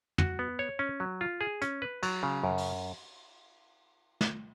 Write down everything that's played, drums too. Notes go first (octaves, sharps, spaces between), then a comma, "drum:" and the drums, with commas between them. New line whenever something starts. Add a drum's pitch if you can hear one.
F#4, drum: tom
B3
C#5
C#4
F#3
F4
G#4
C#4, drum: hi-hat
B4
F#3, drum: cymbal
C#3
F#2
drum: open hi-hat
drum: snare